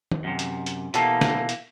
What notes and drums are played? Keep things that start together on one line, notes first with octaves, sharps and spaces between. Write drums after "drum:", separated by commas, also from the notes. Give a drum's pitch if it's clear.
drum: tom D#3
F#2 C3
drum: hi-hat
drum: hi-hat
B2 E3 G3 A#3 A4, drum: hi-hat
drum: snare
drum: hi-hat